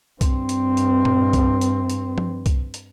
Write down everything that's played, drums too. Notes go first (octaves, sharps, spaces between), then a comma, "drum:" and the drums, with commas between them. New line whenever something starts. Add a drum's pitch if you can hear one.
G2 C4, drum: kick C2, hi-hat
drum: hi-hat
drum: hi-hat
drum: tom A#2
drum: kick C2, hi-hat
drum: hi-hat
drum: hi-hat
drum: tom F3
drum: kick C2, hi-hat
drum: hi-hat